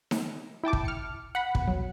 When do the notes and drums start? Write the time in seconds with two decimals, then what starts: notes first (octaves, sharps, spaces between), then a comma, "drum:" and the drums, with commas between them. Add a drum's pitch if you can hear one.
0.11 drum: snare D#4
0.63 E4 G5 A5 D6
0.73 drum: kick
0.85 F6 C#7
1.35 F#5 B5
1.55 E2, drum: kick
1.68 B1 F#3